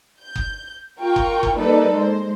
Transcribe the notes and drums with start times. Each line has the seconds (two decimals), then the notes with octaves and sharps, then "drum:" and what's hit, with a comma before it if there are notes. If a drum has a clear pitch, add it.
0.21 G6
0.36 drum: kick F#1
1.00 F4 A#4 G5 C#6
1.16 drum: kick F#1
1.43 drum: kick F#1
1.56 G3 A#3 D#4 A4 B4 D5
1.97 G#3 C5